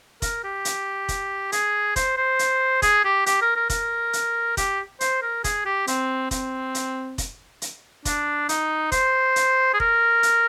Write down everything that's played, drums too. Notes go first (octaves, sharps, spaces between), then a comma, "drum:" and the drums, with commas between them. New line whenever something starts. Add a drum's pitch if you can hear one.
A#4, drum: kick F1, hi-hat
G4
drum: hi-hat
drum: kick F1, hi-hat
G#4, drum: hi-hat
C5, drum: kick F1, hi-hat
C5
drum: hi-hat
G#4, drum: kick F1, hi-hat
G4
G4, drum: hi-hat
A#4
A#4
A#4, drum: kick F1, hi-hat
drum: hi-hat
G4, drum: kick F1, hi-hat
C5, drum: hi-hat
A#4
G#4, drum: kick F1, hi-hat
G4
C4, drum: hi-hat
C4, drum: kick F1, hi-hat
drum: hi-hat
drum: kick F1, hi-hat
drum: hi-hat
D4, drum: kick F1, hi-hat
D#4, drum: hi-hat
C5, drum: kick F1, hi-hat
drum: hi-hat
G#4
A#4, drum: kick F1
drum: hi-hat